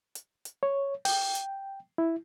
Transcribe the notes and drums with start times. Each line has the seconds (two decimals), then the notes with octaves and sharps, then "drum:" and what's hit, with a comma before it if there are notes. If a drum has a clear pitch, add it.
0.15 drum: hi-hat
0.45 drum: hi-hat
0.63 C#5
1.05 G5, drum: open hi-hat
1.35 drum: hi-hat
1.98 E4